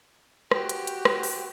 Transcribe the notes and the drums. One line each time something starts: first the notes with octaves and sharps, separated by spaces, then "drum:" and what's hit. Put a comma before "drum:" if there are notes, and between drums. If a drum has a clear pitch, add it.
F#4 G4, drum: rim click
drum: hi-hat
drum: hi-hat
drum: rim click
drum: open hi-hat